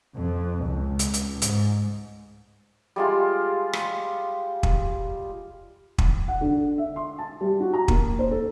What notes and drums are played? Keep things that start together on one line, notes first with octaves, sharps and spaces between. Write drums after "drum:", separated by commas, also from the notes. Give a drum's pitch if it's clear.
F2
C#2
drum: hi-hat
drum: hi-hat
G#2, drum: hi-hat
G3 G#3 F4
drum: rim click
drum: kick
drum: kick
F#5
D3
E5
C6
A5
G3
F#4
A#5
A#3, drum: kick
C5
A4